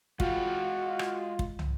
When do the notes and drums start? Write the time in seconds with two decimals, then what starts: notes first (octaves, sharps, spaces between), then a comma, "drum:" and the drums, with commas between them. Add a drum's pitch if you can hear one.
0.20 G#3 F4 F#4 G#4 G5, drum: kick
0.99 drum: rim click
1.39 drum: kick
1.59 drum: tom